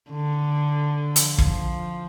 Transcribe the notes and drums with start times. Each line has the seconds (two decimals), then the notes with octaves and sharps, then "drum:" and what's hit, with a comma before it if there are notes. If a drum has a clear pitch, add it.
0.11 D3
1.16 F3, drum: hi-hat
1.38 drum: kick